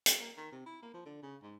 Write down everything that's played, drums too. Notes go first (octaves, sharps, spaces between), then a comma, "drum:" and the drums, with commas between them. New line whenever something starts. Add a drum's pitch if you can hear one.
drum: hi-hat
A#3
D#3
C3
E4
A#3
F3
D3
C#3
G#2